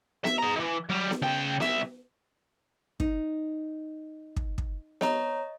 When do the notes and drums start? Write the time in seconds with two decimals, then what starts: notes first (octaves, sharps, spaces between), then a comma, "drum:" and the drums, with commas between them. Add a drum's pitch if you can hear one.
0.25 E5, drum: snare B3
0.39 G#4 A#5
0.56 D#3 E3
0.90 F#3 G3
1.11 drum: snare B3
1.22 C#3 G5
1.60 C2 E5, drum: snare B3
3.00 D#4, drum: kick
4.36 drum: kick
4.58 drum: kick
5.01 C#5 D#5 A#5, drum: snare B3